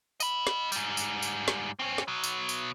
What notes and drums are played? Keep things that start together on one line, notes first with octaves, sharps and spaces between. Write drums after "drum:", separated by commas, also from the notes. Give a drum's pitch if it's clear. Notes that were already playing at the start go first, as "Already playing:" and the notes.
D#5 B5, drum: tambourine
drum: snare
G#2 G3, drum: tambourine
drum: tambourine
drum: tambourine
drum: snare
C4 C#4
drum: snare
B2 F#3
drum: tambourine
drum: tambourine